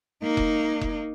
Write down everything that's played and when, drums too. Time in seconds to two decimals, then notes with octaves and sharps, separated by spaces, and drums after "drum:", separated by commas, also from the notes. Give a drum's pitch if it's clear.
0.22 A#3 D#4
0.37 drum: kick F1
0.81 drum: kick F1